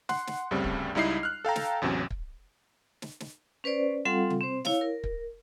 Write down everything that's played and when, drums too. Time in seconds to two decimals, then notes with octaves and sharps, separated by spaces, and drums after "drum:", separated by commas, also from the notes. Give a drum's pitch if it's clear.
0.09 F#5 C6 F#6, drum: snare
0.27 drum: snare
0.51 D2 G2 C#3 G3 C4
0.64 drum: kick
0.95 C#2 G3 D#4 E4 D#5 C7
1.23 F6 F#6
1.45 A4 F5 G5 A#5
1.56 drum: snare
1.82 A1 E2 C3 F#3 C#4
2.11 drum: kick
3.02 drum: snare
3.20 drum: snare
3.64 C#4 B4 C5 D5
4.05 G3 C4 F4 A4 F5 F#5
4.30 drum: tom C3
4.41 C4 C5
4.65 E4 C#5 F5, drum: snare
4.81 A#4
5.04 drum: kick